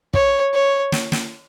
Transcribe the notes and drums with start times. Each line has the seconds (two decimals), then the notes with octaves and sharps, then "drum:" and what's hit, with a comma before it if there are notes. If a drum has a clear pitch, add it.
0.14 C#5, drum: kick
0.53 C#5
0.92 drum: snare
1.12 drum: snare